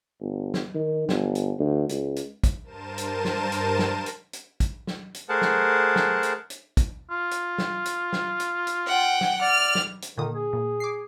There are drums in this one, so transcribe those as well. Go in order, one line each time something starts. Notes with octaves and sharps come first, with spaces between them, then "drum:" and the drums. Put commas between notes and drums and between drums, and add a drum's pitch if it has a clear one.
G1
drum: snare
D#3
G1, drum: snare
drum: hi-hat
D2
C#2, drum: hi-hat
drum: hi-hat
drum: kick, hi-hat
G2 A#4 C5 A5 D#7 E7
drum: hi-hat
drum: snare
drum: hi-hat
drum: snare
drum: hi-hat
drum: hi-hat
drum: kick, hi-hat
drum: snare
drum: hi-hat
A3 G#4 A#4 C5 F#5 A5
drum: snare
drum: snare
drum: hi-hat
drum: hi-hat
drum: kick, hi-hat
F4
drum: hi-hat
drum: snare
drum: hi-hat
drum: snare
drum: hi-hat
drum: hi-hat
F#5 G5
drum: snare
D5 F6
drum: snare
drum: hi-hat
A#2 D3 D#3 D#6
G#4
A#2
D6 C7